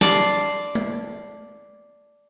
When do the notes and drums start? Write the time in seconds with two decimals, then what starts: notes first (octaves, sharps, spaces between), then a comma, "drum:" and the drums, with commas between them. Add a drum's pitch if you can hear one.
0.01 D5 A5 C6, drum: snare
0.75 drum: tom G#3